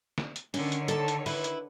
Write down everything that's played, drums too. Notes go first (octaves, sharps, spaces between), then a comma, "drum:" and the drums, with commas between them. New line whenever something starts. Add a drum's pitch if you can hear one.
drum: snare
drum: hi-hat
D3 D#3 C#4 C#5, drum: open hi-hat
drum: hi-hat
A4 A5, drum: hi-hat
drum: hi-hat
E4 B4, drum: open hi-hat
drum: hi-hat